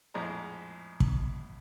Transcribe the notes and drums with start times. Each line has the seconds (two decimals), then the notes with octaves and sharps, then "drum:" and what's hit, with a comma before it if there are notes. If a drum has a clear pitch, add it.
0.14 A#1 F2 A2 G#3 C5 A#5
1.00 drum: kick